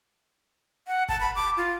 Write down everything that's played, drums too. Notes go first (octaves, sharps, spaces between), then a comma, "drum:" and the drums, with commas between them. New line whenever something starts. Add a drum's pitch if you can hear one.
F#5
A5, drum: kick
B5
D6
F4